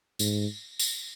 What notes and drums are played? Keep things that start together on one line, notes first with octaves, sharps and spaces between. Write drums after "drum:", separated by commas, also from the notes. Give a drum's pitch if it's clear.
G#2, drum: tambourine
drum: tambourine